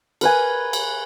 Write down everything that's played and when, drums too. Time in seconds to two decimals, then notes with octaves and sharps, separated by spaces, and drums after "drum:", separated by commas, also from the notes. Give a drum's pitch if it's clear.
0.21 A#4 B4 G#5, drum: cymbal
0.73 drum: cymbal